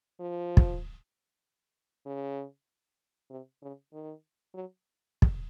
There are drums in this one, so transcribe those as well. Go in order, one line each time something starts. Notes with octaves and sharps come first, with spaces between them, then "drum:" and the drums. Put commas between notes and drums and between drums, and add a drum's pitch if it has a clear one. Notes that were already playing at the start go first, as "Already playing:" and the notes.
F3
drum: kick
C#3
C3
C#3
D#3
F#3
drum: kick